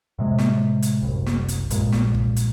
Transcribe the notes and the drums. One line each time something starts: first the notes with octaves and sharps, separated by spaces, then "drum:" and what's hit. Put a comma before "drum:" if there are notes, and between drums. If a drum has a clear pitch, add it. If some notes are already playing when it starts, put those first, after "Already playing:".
A2 C3 G#3
drum: snare
drum: hi-hat
F#1 C2
drum: snare
drum: hi-hat
A#1 G2 A#2 G#3, drum: hi-hat
drum: snare
drum: kick
drum: hi-hat